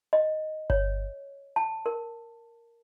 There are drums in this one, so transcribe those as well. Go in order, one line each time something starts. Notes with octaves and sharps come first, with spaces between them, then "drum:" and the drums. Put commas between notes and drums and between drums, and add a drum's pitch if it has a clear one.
D#5
C#5, drum: kick G1
A5
A#4